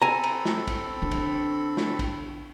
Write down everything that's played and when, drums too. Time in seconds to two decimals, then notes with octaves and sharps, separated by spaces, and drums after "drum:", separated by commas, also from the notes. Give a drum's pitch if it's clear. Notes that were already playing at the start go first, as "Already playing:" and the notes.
0.02 C4 A4 G#5 A#5 B5
0.23 drum: cymbal
0.45 drum: snare
0.67 drum: kick, cymbal
1.02 D3 D4
1.11 drum: kick, cymbal
1.77 drum: snare
1.99 drum: kick, cymbal